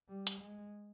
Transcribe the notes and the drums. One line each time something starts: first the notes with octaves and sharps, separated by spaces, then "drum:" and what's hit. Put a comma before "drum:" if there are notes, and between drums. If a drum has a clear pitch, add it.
G3
drum: hi-hat
G#3